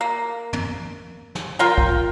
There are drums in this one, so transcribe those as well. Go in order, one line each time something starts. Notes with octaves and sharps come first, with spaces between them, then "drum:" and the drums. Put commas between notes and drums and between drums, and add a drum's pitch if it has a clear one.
A#3
drum: tom
drum: snare
F4 A#4 F5 G5
drum: kick